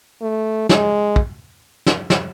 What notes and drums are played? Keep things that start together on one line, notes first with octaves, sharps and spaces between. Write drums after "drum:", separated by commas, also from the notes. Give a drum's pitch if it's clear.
A3
G#3, drum: snare
drum: kick
drum: snare
drum: snare